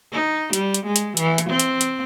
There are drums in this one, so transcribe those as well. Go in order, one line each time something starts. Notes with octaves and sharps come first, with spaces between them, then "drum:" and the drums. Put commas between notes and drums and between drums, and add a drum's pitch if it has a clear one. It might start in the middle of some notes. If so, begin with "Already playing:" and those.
D#4
G3, drum: hi-hat
drum: hi-hat
G#3
drum: hi-hat
E3, drum: hi-hat
drum: hi-hat
C4
drum: hi-hat
drum: hi-hat